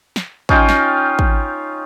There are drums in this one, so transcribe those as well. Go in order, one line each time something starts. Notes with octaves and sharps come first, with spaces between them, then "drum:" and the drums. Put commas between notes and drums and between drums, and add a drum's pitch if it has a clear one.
drum: snare
C#4 D#4 F4 G5, drum: kick
drum: snare
drum: kick